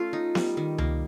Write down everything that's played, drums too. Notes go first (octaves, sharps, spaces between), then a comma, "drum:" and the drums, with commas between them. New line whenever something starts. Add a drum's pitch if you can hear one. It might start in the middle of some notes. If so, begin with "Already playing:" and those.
Already playing: A3 C#4 F4
D#4
G3, drum: snare B3
D#3
A#3, drum: tom C#2